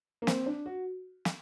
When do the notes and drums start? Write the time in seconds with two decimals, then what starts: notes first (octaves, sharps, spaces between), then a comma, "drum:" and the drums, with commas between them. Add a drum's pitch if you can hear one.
0.22 A#3
0.27 C4, drum: snare
0.46 D4
0.66 F#4
1.25 drum: snare